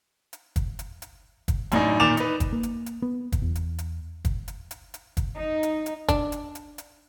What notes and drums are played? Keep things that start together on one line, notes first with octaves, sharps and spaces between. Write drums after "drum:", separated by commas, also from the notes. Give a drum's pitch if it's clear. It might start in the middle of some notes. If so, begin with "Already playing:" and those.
drum: hi-hat
drum: kick, hi-hat
drum: hi-hat
drum: hi-hat
drum: kick, hi-hat
F#2 A2 D4 D#4, drum: hi-hat
A#2 D#3 D6 A6 E7 F7
D#4 B4, drum: hi-hat
drum: kick, hi-hat
A#3
drum: hi-hat
drum: hi-hat
B3
drum: kick, hi-hat
E2
drum: hi-hat
drum: hi-hat
drum: kick, hi-hat
drum: hi-hat
drum: hi-hat
drum: hi-hat
drum: kick, hi-hat
D#4
drum: hi-hat
drum: hi-hat
D4, drum: kick, hi-hat
drum: hi-hat
drum: hi-hat
drum: hi-hat